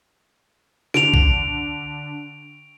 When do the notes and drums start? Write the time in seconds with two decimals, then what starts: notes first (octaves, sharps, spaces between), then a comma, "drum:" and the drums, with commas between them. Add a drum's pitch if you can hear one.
0.94 D3 D7 F7, drum: snare
1.14 drum: kick B1